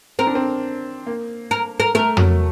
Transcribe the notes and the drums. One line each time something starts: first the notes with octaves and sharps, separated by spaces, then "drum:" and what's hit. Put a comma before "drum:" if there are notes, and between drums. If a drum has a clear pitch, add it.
C4 A#4
D4
C4
A#3
A#4
A#4
A3 A#4
F#3, drum: tom